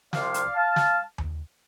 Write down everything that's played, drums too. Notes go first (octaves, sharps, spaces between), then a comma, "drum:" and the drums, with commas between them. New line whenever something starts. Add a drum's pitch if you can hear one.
C2 C3 F3 D5 F5, drum: snare
drum: hi-hat
F5 A5
drum: snare
drum: tom D#2